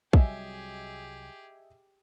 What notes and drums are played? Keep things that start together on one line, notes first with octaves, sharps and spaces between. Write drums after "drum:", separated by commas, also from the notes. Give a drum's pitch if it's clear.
C2 F#3 G3 G4 G#4 D#5 E5 G#5, drum: kick